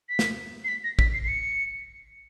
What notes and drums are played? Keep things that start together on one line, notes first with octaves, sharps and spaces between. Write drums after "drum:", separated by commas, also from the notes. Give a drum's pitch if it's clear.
B6
drum: snare
C7
B6
A#6
B6, drum: kick
C7
C7
C#7